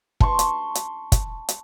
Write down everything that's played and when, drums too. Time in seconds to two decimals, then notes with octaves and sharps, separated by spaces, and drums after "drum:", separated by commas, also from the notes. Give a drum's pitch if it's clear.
0.21 A5 C6 C#6, drum: kick
0.39 drum: hi-hat
0.75 drum: hi-hat
1.12 drum: kick, hi-hat
1.49 drum: hi-hat